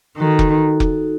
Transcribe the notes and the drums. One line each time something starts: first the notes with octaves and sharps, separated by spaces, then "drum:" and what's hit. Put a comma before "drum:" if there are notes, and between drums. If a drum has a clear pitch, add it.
D#3 D#4 F#4 A4
drum: kick F1
drum: kick F1